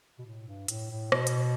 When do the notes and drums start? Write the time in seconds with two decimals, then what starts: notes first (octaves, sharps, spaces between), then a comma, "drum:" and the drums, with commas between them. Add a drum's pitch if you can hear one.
0.18 B2
0.25 A2
0.47 G2
0.68 A2, drum: hi-hat
0.90 A2
1.12 B2, drum: rim click
1.27 drum: hi-hat